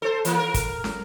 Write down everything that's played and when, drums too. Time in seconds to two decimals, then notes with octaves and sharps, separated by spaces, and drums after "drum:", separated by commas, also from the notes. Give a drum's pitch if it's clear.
0.02 A4 C5
0.25 E3 A#3, drum: hi-hat
0.39 A#4
0.54 drum: kick, hi-hat
0.84 drum: snare